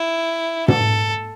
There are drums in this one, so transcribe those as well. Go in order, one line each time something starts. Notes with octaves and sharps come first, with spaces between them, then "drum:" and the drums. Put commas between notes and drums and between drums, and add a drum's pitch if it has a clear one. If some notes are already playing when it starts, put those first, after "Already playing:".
Already playing: E4
A4, drum: tom